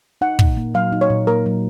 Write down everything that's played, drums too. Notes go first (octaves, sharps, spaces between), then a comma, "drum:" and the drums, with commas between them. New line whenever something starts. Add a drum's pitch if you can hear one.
D#4 F#5
A#2, drum: kick
A#3
F#3 F5
D#4
C#5
A#2
A#3 A#4
F#3